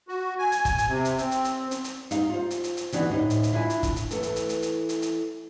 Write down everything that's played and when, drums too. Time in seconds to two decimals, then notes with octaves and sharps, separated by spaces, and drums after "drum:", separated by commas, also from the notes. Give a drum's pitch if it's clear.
0.08 F#4
0.39 G#5
0.52 drum: hi-hat
0.65 drum: kick G1, hi-hat
0.78 drum: hi-hat
0.88 C3
1.05 drum: hi-hat
1.18 C4, drum: hi-hat
1.31 drum: hi-hat
1.45 drum: hi-hat
1.71 drum: hi-hat
1.84 drum: hi-hat
2.11 D#4 F5, drum: hi-hat
2.29 F4 C5
2.51 drum: hi-hat
2.64 drum: hi-hat
2.77 drum: hi-hat
2.92 D#3 E3 D4 F#4, drum: hi-hat
3.09 D2 A2 D#4
3.30 drum: hi-hat
3.43 drum: hi-hat
3.53 D4 E4 F4 E5 G#5
3.70 drum: hi-hat
3.83 drum: kick G1, hi-hat
3.96 drum: hi-hat
4.11 E3 A3 A4, drum: hi-hat
4.23 drum: hi-hat
4.36 drum: hi-hat
4.49 drum: hi-hat
4.62 drum: hi-hat
4.89 drum: hi-hat
5.02 drum: hi-hat